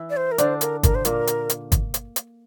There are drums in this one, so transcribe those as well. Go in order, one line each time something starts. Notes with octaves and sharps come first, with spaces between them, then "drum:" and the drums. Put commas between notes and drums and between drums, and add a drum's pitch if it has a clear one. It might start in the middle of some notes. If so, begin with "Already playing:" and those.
Already playing: E3 E4
D5
C5
A#4
D3 D4 C5, drum: hi-hat
A#4, drum: hi-hat
A#4, drum: kick G1, hi-hat
C5
A#2 A#3 A#4, drum: hi-hat
drum: hi-hat
drum: hi-hat
drum: kick G1, hi-hat
drum: hi-hat
drum: hi-hat